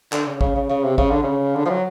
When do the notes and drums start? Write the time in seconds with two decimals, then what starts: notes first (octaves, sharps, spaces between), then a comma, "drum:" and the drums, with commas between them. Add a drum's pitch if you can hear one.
0.13 D3, drum: clap
0.27 C#3
0.41 C#3, drum: kick
0.56 C#3
0.70 C#3
0.84 C3
0.98 C#3, drum: kick
1.11 D3
1.23 C#3
1.56 D3
1.66 F3
1.70 F#3